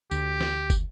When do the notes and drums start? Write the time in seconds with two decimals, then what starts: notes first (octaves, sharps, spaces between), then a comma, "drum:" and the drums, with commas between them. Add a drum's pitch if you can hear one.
0.11 D2 G4, drum: tambourine
0.41 drum: snare
0.70 drum: kick, tambourine